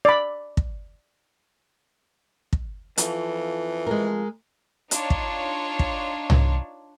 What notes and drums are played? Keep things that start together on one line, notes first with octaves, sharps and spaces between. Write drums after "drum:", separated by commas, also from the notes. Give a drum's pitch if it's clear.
D5 B5
drum: kick
drum: kick
F2 E3 F3 A4, drum: hi-hat
G#3 A#4
D4 D#4 F4 C#5, drum: hi-hat
drum: kick
drum: kick
drum: tom C2